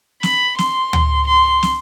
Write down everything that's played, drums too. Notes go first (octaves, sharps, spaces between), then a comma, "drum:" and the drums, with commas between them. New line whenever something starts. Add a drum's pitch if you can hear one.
B5, drum: snare
C6, drum: snare
drum: tom D2
C6
drum: snare